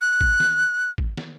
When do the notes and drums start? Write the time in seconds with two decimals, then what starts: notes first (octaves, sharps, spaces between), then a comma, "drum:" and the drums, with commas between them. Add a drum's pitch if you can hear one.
0.01 F#6
0.21 drum: kick
0.40 drum: snare
0.98 drum: kick
1.17 drum: snare